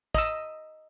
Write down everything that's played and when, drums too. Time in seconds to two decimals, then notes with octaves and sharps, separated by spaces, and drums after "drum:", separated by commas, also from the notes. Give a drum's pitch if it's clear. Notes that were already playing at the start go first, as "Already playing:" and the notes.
0.15 D#5 E6, drum: kick